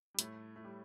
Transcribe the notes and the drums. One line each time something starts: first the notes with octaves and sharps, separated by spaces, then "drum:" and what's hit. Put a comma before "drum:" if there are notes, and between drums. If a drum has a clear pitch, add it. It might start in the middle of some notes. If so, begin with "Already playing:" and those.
G3
A2 A3, drum: hi-hat
A3
G3